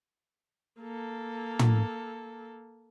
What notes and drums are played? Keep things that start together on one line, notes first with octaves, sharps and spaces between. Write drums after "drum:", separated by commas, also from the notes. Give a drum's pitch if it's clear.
A#3 A4
drum: tom